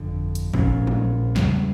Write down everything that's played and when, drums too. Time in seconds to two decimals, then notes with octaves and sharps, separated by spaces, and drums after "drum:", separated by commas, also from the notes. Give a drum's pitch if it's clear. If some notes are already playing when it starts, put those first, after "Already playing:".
Already playing: G1 F2 D3
0.35 drum: hi-hat
0.54 A#1 A2 F3 C#4, drum: kick G#1
0.87 drum: tom
1.36 E2 C#3 G3, drum: snare